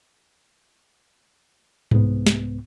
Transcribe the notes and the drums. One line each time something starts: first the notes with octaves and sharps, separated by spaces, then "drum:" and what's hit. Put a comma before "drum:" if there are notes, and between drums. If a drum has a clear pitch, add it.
C2 G#2 B3, drum: tom G#2
drum: snare